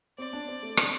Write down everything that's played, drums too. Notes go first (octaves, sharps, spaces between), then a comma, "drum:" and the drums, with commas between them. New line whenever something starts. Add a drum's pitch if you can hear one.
C4 D5
D4
C4
A3
D4, drum: rim click